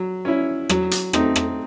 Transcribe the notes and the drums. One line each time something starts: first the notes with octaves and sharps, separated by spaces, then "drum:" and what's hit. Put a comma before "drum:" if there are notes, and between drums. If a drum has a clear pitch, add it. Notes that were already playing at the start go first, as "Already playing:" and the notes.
Already playing: F#3
C#4 E4
F#3, drum: rim click
drum: hi-hat
A3 C4 D#4, drum: rim click
drum: rim click